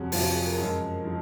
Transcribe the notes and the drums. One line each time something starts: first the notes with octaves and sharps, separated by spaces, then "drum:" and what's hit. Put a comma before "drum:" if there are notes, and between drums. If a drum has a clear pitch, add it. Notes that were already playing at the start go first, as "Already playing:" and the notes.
Already playing: F2 C3 F#3 F#4 G#4
F2 C3 F#3 F4, drum: open hi-hat
F4
G#4
A#4
F#2 F3 G#3
F3 G#3